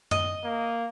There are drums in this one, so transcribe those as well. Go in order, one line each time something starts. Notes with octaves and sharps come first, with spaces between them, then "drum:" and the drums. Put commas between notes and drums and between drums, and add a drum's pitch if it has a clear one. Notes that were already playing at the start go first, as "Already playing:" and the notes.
D#5, drum: tom F#2
A#3